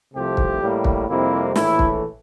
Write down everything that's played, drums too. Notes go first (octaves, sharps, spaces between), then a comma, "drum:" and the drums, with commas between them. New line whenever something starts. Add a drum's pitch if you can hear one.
C2 C3 F3 A3 G4
drum: kick
A2 G3 A#3
drum: kick
F2 C3 G3 A#3 E4
A#1 A2 E3 A3 E4, drum: snare
drum: kick